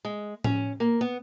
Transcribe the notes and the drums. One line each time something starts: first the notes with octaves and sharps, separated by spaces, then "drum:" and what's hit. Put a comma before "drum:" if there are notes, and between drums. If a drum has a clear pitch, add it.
G#3
C#4, drum: tom A2
A#3
B3